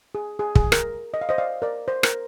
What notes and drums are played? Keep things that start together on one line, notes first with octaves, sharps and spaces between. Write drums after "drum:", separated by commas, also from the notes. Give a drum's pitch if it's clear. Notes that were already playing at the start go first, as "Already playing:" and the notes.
G#4
G#4
G#4, drum: kick
A#4, drum: rim click
D#5
F5
C5 D#5
D5 F5
A#4 D5
C5
A#4, drum: rim click